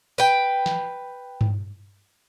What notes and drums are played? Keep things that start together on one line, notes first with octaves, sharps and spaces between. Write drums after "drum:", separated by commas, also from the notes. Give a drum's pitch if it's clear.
B4 G5, drum: tambourine
drum: snare
drum: tom G2